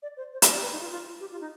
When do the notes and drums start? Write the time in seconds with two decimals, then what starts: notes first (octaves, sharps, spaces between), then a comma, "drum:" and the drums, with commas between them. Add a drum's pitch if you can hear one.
0.02 D5
0.17 C5
0.33 C5
0.42 D5, drum: hi-hat
0.52 D5
0.62 B4
0.72 D#4
0.81 F4
0.91 F4
1.06 F4
1.20 G4
1.31 F4
1.40 D#4